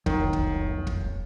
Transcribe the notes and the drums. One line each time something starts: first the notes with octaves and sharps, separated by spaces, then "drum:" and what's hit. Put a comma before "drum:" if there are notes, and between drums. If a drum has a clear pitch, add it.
C2 F2 D#3 F#3, drum: kick
drum: kick
drum: kick